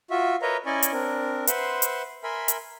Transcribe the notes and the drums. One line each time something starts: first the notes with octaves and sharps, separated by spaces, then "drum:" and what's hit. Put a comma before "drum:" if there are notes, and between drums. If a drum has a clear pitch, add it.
F4 F#4 E5
A#4 B4 C#5 D#5 E5 A#5
C#4 E4 D5 D#5 G#5 C#6
drum: hi-hat
C4 D4 A#4
B4 C5 E5 F#5 C6, drum: hi-hat
drum: hi-hat
A#4 E5 G#5 B5 C6
drum: hi-hat